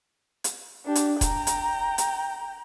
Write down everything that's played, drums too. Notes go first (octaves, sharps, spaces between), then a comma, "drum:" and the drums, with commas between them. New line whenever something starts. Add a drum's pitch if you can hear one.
drum: hi-hat
D4 G4
drum: hi-hat
G5 A#5, drum: kick E1, hi-hat
drum: hi-hat
drum: hi-hat